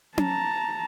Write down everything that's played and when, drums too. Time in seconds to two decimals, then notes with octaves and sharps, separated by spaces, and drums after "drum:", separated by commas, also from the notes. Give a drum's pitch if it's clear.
0.18 A5 A#5, drum: tom C#4